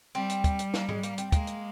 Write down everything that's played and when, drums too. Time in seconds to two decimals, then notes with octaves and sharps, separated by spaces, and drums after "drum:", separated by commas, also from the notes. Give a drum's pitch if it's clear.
0.15 G3 C4
0.30 drum: hi-hat
0.44 drum: kick, hi-hat
0.59 drum: hi-hat
0.74 A#3, drum: snare
0.89 G#3, drum: tom G#2
1.03 A#3, drum: hi-hat
1.18 C4, drum: hi-hat
1.32 G#3 A#3, drum: kick, hi-hat
1.47 drum: hi-hat